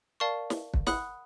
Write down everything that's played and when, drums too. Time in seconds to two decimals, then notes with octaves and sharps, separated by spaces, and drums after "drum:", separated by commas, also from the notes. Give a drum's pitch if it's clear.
0.20 A#4 D5 F5 A5 C#6
0.50 drum: snare
0.74 drum: kick
0.87 F#5 B5 D#6 F#6, drum: snare